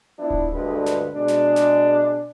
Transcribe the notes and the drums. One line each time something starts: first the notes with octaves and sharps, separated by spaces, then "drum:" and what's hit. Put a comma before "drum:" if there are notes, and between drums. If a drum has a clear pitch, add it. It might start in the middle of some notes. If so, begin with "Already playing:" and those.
F3 B3 D4 E4
drum: kick D1
D2 G2 D3 F3 G#3 B4
drum: snare
B2 G#3 D4
drum: snare
drum: snare